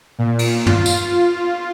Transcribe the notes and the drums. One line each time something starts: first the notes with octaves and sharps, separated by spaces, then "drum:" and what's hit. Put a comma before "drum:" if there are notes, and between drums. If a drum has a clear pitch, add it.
A#2
drum: cymbal
F4, drum: tom
drum: tambourine